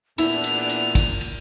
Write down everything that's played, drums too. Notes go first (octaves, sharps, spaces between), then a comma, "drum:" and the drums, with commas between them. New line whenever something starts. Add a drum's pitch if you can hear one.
E2 A#2 B3 D4 E4 F7, drum: cymbal
drum: cymbal
drum: cymbal
drum: kick, cymbal
drum: cymbal